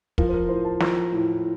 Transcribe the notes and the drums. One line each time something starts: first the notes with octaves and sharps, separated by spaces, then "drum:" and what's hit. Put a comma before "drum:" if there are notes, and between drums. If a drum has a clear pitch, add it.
F3 A#4, drum: kick
C5
A#4
A2 C5
A5
F3 A#5, drum: snare
A2